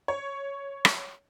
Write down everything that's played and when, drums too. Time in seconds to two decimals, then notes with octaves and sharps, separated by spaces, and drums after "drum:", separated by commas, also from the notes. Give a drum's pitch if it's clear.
0.08 C#5
0.85 drum: rim click